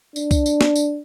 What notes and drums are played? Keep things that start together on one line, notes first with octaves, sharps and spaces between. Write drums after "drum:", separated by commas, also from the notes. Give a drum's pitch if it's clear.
D4, drum: tambourine
drum: kick C2, tambourine
drum: tambourine
drum: snare
drum: tambourine